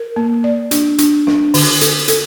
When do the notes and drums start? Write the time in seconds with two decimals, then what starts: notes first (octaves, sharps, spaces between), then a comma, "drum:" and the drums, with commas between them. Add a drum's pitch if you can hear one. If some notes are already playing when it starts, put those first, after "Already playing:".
Already playing: A#4
0.16 A#3
0.44 D5
0.71 D4, drum: hi-hat
0.98 D4, drum: hi-hat
1.27 D4, drum: snare
1.54 D3, drum: open hi-hat
1.81 A4, drum: hi-hat
2.08 A4, drum: hi-hat